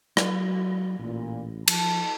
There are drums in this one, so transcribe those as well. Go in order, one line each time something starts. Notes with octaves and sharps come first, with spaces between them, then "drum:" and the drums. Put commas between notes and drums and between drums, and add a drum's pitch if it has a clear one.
F#3, drum: rim click
A1 A#2
F3 A5, drum: cymbal